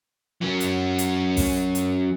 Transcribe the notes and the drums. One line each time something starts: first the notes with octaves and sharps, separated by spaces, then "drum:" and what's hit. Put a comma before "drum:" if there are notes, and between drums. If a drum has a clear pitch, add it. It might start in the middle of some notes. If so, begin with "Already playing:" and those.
F#3 C#4
drum: hi-hat
drum: hi-hat
drum: kick, open hi-hat
drum: hi-hat